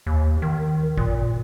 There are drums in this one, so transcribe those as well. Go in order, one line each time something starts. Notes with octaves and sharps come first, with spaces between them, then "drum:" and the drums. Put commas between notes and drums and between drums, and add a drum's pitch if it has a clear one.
D#2
D#3
A#2, drum: kick G#1